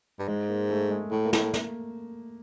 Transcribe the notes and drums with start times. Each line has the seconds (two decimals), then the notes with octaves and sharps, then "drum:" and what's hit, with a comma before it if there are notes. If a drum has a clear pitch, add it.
0.19 G2
0.28 G#2 G#3
0.49 A#3
0.71 A3
0.90 G#3
1.11 A2 A3
1.25 A#3
1.33 A2, drum: snare
1.39 A#3
1.53 drum: snare